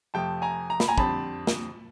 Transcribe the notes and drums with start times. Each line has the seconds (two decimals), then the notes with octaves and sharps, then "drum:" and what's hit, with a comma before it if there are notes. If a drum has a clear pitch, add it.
0.14 F2 C3 F3 A3 G5 A5
0.42 G#5 A#5
0.70 A#5
0.80 B5, drum: snare
0.88 G#5 A#5
0.98 F2 D3 G3 C4 A5 B5, drum: kick
1.47 drum: snare